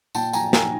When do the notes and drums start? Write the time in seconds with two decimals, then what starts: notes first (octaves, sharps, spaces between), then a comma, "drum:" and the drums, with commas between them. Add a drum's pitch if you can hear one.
0.15 A#2 G5 A5, drum: tambourine
0.33 G#5 A#5, drum: tambourine
0.53 G#5 A#5, drum: snare